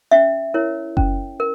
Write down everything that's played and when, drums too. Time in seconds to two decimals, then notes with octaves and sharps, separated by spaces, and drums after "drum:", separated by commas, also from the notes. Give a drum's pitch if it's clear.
0.11 C#4 E5
0.54 E4 A#4 C#5
0.97 C#4, drum: kick F#1
1.40 A#4